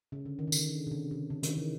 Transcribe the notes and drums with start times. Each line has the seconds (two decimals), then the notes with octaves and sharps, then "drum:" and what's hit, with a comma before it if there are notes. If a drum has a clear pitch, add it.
0.12 C#3
0.26 D3
0.39 D#3
0.47 C#3
0.52 D3, drum: tambourine
0.87 C3
0.91 C#3
1.11 C3
1.30 C#3
1.43 D#3, drum: hi-hat
1.57 E3